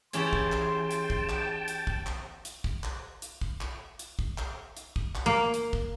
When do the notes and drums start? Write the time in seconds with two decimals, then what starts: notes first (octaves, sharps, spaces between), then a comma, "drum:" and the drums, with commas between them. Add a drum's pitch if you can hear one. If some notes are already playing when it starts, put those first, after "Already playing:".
0.13 E3 C#4 G4 G#4 G5 A5 C6, drum: hi-hat
0.33 drum: kick
0.52 drum: clap
0.91 drum: hi-hat
1.10 drum: kick
1.29 drum: clap
1.68 drum: hi-hat
1.87 drum: kick
2.06 drum: clap
2.45 drum: hi-hat
2.64 drum: kick
2.84 drum: clap
3.22 drum: hi-hat
3.41 drum: kick
3.61 drum: clap
3.99 drum: hi-hat
4.19 drum: kick
4.38 drum: clap
4.77 drum: hi-hat
4.96 drum: kick
5.15 drum: clap
5.26 A#3
5.54 drum: hi-hat
5.73 drum: kick